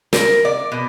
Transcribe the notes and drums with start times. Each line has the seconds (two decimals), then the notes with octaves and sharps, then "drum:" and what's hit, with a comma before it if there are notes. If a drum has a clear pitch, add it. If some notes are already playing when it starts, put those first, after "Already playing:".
0.13 A#4, drum: snare
0.45 D5
0.72 B2